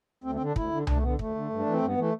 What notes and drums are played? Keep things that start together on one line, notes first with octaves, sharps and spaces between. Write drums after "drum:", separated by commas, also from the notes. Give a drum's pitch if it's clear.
D2 C4
C4
D3
D4
D2 E4, drum: kick
D3
D2 D4, drum: tom C2
A3
D3 B3
D2 A3, drum: kick
D3
G2
D4
E3
C4
G2 B3
E3 A3